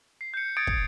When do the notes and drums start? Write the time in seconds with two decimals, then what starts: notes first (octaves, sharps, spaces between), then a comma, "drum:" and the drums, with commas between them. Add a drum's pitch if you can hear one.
0.21 C7
0.34 G6 C#7
0.57 D#6 G#6 A6 C#7 D7
0.67 drum: kick